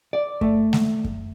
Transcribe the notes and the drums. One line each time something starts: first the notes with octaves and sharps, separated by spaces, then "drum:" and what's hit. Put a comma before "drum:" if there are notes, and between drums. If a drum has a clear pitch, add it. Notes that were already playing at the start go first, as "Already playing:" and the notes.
D5
A3, drum: kick F#2
drum: snare G#3
drum: kick F#2